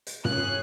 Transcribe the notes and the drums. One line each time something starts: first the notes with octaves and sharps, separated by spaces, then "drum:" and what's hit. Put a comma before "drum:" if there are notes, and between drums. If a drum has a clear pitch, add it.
drum: hi-hat
C#4 G#4 F#6, drum: tom